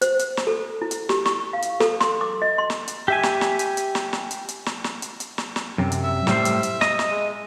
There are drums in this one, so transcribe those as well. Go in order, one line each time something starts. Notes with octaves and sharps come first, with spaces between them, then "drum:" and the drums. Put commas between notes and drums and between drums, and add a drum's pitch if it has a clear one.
C5, drum: hi-hat
drum: hi-hat
drum: snare
A4
E4
drum: hi-hat
G4, drum: snare
C#6, drum: snare
F5
drum: hi-hat
A4, drum: snare
C6, drum: snare
D6
D#5
C6
drum: snare
drum: hi-hat
G4 E5 G#5
drum: snare
drum: snare
drum: hi-hat
drum: hi-hat
drum: snare
drum: snare
drum: hi-hat
drum: hi-hat
drum: snare
drum: snare
drum: hi-hat
drum: hi-hat
drum: snare
drum: snare
F#2 C3
drum: hi-hat
E5
A2 G3 C5, drum: snare
drum: hi-hat
drum: hi-hat
D#5, drum: snare
drum: snare
G#3